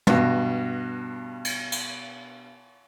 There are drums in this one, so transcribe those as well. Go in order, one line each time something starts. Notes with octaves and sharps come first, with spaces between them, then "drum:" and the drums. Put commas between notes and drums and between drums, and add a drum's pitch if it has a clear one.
G2 B2, drum: tom
drum: cymbal
drum: cymbal